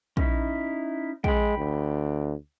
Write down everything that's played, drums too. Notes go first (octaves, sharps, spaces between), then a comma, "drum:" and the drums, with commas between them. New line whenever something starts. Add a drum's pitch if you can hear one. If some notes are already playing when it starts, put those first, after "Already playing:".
C#4 D#4 E4, drum: kick
G#3 G5 B5, drum: kick
D2